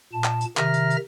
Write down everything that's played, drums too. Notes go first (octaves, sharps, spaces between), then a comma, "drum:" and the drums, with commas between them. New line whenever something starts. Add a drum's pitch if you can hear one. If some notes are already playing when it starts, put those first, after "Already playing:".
A#2 A5
drum: clap
drum: hi-hat
C3 D#3 E5 A#5 F6 A#6, drum: clap
drum: hi-hat
drum: hi-hat